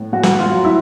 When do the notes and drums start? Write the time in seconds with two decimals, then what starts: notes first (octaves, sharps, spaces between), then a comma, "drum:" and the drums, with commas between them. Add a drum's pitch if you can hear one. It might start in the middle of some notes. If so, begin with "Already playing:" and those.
Already playing: A2 B3
0.13 A2 F#4
0.23 drum: snare
0.39 F4
0.52 F#3
0.65 E4